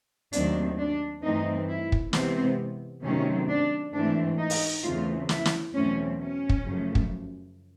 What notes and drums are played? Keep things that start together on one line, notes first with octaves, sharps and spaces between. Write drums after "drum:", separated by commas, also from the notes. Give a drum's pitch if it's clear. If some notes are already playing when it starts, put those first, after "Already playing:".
D#2 D#3 F#3 A3 C4 D4, drum: hi-hat
D4
G2 E3 A3 C4 D#4
E4
drum: kick
C3 E3 G#3 B3 C4, drum: snare
C3 D#3 F#3 A3 C4 C#4
D4
G#2 E3 A3 C4 D4
D#4
drum: open hi-hat
E2 C#3 E3 A3 C4 F4
E4, drum: snare
drum: snare
E2 B2 F#3 A3 C4 C#4
C#4
drum: kick
F#2 C#3 F3 A3
drum: kick